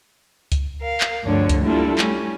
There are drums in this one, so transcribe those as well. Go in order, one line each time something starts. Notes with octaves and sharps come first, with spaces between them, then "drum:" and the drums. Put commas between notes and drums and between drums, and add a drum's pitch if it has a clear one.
drum: kick C#2, hi-hat
A#4 F5
drum: clap
D2 G2 D3 F3 D4 C#5
drum: kick C#2, hi-hat
G3 A#3 D4 E4 F4 A4
G3 A3 C#4, drum: clap